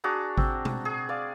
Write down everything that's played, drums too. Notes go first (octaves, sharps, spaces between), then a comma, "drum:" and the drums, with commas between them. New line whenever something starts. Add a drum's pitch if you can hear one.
D4 F#4 G#4 A#5
C4, drum: kick G#1
drum: tom B2
G#4
D5 F5